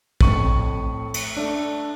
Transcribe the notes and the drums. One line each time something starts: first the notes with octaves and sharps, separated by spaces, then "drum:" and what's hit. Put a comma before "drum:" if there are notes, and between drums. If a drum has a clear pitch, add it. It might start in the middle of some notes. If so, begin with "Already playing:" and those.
F2 A2 C#6 D#7 F#7, drum: kick A#1
drum: cymbal
A3 D4